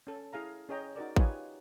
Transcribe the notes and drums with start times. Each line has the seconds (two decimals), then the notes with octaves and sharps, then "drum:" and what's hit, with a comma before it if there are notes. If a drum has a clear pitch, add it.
0.07 C#4 A4
0.33 E4 G#4 F5 A#5
0.69 C#4 G#4 C#5 D#5 G5 A#5
0.96 D#4 F#4 A#4 D5
1.16 D#4 F4 G4 B4 C#5 G#5, drum: kick A1